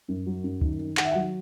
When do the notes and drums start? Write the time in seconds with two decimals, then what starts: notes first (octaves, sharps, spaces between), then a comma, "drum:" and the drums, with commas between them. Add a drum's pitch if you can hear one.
0.08 F#2
0.26 F#3
0.44 F#2
0.61 D#3, drum: kick
0.79 D#3
0.97 D#3 F#5, drum: clap
1.05 E5
1.11 F#5
1.15 F#3